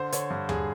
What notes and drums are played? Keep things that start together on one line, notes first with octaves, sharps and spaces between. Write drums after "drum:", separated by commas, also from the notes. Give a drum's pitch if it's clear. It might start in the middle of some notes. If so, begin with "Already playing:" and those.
Already playing: D3 C5
D3 C#5, drum: hi-hat
G2
G2 G#4, drum: tom D#2